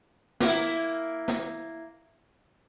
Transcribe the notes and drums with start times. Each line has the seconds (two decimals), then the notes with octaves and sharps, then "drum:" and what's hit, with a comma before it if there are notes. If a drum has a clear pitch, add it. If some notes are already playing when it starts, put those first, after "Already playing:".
0.40 A#3 E4, drum: snare
1.28 drum: snare